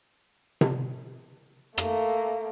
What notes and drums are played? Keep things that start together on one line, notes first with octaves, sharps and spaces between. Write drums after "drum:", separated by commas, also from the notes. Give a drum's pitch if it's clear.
drum: tom C3
A3 A#3, drum: rim click